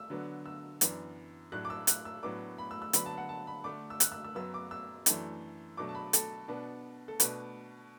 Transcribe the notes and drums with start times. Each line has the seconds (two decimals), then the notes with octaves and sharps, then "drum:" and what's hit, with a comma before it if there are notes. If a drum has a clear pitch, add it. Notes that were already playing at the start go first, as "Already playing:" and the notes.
Already playing: E6
0.10 D3 F#3 B3 D4
0.46 E6
0.81 F#2 E3 B3 D4, drum: hi-hat
1.52 A2 F#3 A3 D4 F#6
1.65 D6
1.70 E6
1.87 F#6, drum: hi-hat
2.05 E6
2.23 A2 F#3 B3 D4 D6
2.58 B5
2.71 E6
2.82 E6
2.93 D3 F#3 B3 D4 B5, drum: hi-hat
3.06 A5
3.18 F#5
3.29 A5
3.47 B5
3.64 D3 A3 D4 D6
3.90 E6
4.00 F#6, drum: hi-hat
4.12 E6
4.24 E6
4.35 F#2 F#3 B3 E6
4.54 D6
4.71 E6
5.06 F#2 E3 A3 D4, drum: hi-hat
5.77 B2 F#3 A3 D4 D6
5.89 A5
5.95 B5
6.13 A4, drum: hi-hat
6.48 B2 B3 D4
7.08 A4
7.20 B2 A3 D4 B4, drum: hi-hat